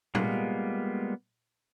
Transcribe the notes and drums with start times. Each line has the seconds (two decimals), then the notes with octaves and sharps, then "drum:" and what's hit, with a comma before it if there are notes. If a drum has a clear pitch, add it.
0.15 G3 G#3 A#3 B3 F4, drum: tom